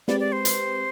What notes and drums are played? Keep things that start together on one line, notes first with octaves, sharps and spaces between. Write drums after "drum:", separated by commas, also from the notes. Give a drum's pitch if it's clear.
G#3 C4 G4 B4 D5, drum: snare
D5
C5
drum: hi-hat